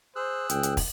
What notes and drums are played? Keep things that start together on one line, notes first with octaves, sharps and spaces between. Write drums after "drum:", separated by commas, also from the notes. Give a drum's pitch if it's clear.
G#4 C5 E6 F#6
C#2 G5, drum: hi-hat
drum: hi-hat
drum: kick, open hi-hat